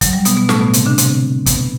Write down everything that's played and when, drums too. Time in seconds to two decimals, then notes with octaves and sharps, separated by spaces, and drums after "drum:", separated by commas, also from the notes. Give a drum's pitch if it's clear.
0.01 F#3, drum: kick, hi-hat
0.13 G3
0.25 B2 B3, drum: hi-hat
0.37 B2 B3
0.49 A2 A3, drum: snare
0.61 B2 B3
0.73 C3 C4, drum: hi-hat
0.86 D3 D4
0.98 C3 C4, drum: hi-hat
1.46 B2 B3, drum: kick, hi-hat